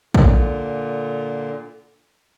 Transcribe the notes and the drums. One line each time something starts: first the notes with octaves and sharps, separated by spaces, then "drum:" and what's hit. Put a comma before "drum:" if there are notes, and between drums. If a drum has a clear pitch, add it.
A#2 D3, drum: kick A#1